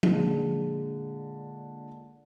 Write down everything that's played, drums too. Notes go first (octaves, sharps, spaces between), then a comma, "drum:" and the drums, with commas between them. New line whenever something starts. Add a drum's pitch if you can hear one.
A#2 D3 G#3, drum: tom F3